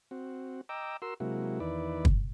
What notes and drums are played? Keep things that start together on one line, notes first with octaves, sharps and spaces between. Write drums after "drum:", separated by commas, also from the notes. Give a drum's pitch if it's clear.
C4 F#4
D#5 G5 A#5 D6 E6
F#4 A#4 C6 E6
C3 F#3 G#3 A#3 E4 F#4
E2 D#3 E4 B4 D5
drum: kick